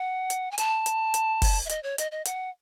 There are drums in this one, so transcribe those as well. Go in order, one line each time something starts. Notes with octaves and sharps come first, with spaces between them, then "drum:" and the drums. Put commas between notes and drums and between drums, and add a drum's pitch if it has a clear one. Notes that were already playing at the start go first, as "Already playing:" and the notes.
Already playing: F#5
drum: hi-hat
G#5
A5, drum: hi-hat
drum: hi-hat
drum: hi-hat
drum: kick F#1, open hi-hat
E5
D#5, drum: hi-hat
C#5
D#5, drum: hi-hat
D#5
F#5, drum: hi-hat